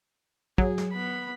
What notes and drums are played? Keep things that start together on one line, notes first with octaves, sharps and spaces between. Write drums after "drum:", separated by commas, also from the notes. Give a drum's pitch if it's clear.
F#3 G#4, drum: kick
drum: snare
B3 B5